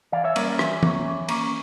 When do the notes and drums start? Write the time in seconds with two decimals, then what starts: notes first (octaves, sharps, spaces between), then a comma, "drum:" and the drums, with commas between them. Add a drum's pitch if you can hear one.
0.12 E3 D5 F5
0.24 C#5 E5
0.36 G3 A#3 C#4 A#4 D5, drum: cymbal
0.48 C#5 E5
0.59 E3, drum: rim click
0.83 A#3 C#4, drum: tom
1.06 E3
1.29 A#3 C#4, drum: cymbal